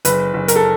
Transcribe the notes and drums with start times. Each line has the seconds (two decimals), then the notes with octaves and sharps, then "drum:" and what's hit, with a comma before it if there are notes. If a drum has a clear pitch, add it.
0.05 F#1 B4, drum: hi-hat
0.34 F#1
0.48 A#4, drum: hi-hat
0.56 A4